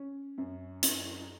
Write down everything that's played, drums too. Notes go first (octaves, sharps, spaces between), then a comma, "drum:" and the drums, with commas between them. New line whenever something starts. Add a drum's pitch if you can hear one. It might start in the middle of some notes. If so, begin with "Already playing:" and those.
Already playing: C#4
F#2
F#2, drum: hi-hat